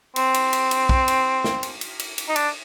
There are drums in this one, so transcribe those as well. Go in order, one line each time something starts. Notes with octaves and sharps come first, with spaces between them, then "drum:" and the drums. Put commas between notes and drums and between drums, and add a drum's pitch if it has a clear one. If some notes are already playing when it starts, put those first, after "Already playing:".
C4, drum: cymbal
drum: cymbal
drum: cymbal
drum: cymbal
drum: kick
drum: cymbal
drum: snare
drum: cymbal
drum: cymbal
drum: cymbal
drum: cymbal
D#4
D4, drum: cymbal